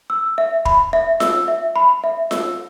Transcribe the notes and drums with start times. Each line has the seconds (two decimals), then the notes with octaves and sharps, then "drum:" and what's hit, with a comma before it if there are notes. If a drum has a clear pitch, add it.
0.10 E6
0.38 E5
0.65 B5, drum: kick
0.93 E5
1.20 E6, drum: snare F4
1.48 E5
1.76 B5
2.04 E5
2.31 E6, drum: snare F4